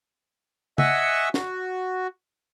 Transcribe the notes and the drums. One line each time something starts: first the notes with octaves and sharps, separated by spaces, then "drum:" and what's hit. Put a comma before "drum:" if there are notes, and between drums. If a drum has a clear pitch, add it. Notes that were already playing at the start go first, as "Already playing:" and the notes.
D#5 E5 F#5 G#5 C#6 E6, drum: tom C#3
F#4, drum: snare